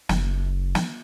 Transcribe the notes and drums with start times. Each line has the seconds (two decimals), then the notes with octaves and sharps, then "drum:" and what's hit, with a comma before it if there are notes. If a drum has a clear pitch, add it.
0.09 F#1, drum: snare
0.75 drum: snare